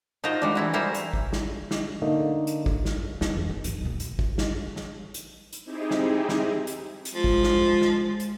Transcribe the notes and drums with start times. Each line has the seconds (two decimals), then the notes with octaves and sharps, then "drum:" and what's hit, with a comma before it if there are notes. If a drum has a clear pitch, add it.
0.24 D#4 F4 F#4 A#4 C5 D#5
0.42 G3 G#3 D4
0.55 E3 E4 F#4
0.73 E3 G3 E4 A#4 C5
0.94 drum: hi-hat
1.13 drum: kick A1
1.33 drum: snare
1.71 drum: snare
2.02 D3 A3 A#3 D#4
2.47 drum: hi-hat
2.66 drum: kick A1
2.85 drum: snare
3.21 B3, drum: snare
3.36 F2 E3
3.50 D#4
3.64 G#2 F#3, drum: hi-hat
3.81 B2 A#3
4.00 drum: hi-hat
4.19 drum: kick A1
4.38 drum: snare
4.76 drum: snare
5.14 drum: hi-hat
5.53 drum: hi-hat
5.64 C4 D#4 E4 G4 G#4
5.91 drum: snare
6.29 drum: snare
6.67 drum: hi-hat
7.05 drum: hi-hat
7.15 F3 G#3
7.24 drum: kick A1
7.43 drum: snare
7.82 drum: snare
8.20 drum: hi-hat